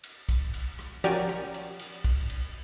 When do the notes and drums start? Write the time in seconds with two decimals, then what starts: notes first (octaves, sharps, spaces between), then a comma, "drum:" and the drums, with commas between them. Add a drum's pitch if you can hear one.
0.04 drum: cymbal
0.29 drum: kick, cymbal
0.54 drum: cymbal
0.79 drum: rim click
1.04 F3 C#4 F#4 G4 A#4 D5, drum: cymbal
1.29 drum: rim click
1.54 drum: cymbal
1.79 drum: cymbal
2.04 drum: kick, cymbal
2.30 drum: cymbal